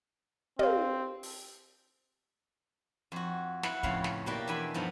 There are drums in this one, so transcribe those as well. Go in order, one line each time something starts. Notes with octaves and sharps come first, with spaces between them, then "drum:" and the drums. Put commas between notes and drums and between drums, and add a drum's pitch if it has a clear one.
C4 G4 F5, drum: tom
drum: open hi-hat
F2 F#4
E4 B4 F#5, drum: snare
F2 A2 C#3 F5 B5, drum: kick
drum: snare
B2 A#3 E4 G4 B4 D5
E2 D4 E5 G#5 B5
G2 F3 B3 D#4